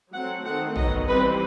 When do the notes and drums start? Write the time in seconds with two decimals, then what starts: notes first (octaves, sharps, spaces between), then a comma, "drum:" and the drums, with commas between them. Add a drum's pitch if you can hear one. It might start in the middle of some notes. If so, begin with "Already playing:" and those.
0.12 F#3 A3 C4 F#5
0.44 D#3 A3 C4 F#5
0.76 D#3 F#3 B3 D#5, drum: tom
1.08 E3 G3 C4 B4